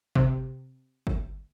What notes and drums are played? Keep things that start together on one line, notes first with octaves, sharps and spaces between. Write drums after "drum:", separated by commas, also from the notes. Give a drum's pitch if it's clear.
C3, drum: kick G1
drum: kick G1